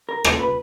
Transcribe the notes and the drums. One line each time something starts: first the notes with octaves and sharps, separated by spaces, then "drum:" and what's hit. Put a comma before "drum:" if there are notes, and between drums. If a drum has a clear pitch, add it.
A#4
C2 A#2 A4, drum: rim click
B4